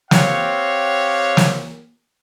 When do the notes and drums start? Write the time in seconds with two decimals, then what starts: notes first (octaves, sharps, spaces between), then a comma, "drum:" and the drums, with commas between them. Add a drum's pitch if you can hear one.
0.11 C4 G4 C#5 F5 F#5, drum: snare
1.37 drum: snare